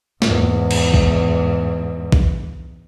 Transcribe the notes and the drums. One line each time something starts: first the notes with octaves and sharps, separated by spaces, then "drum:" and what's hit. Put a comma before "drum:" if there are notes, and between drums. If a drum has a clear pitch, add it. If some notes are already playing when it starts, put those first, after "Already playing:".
E2 G#2, drum: snare A#3
drum: cymbal
drum: kick
drum: kick